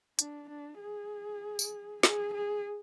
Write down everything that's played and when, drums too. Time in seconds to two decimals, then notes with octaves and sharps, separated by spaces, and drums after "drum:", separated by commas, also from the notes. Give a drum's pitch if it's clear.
0.19 D4, drum: hi-hat
0.50 D4
0.80 G#4
1.59 drum: tambourine
2.03 G#4, drum: snare
2.34 G#4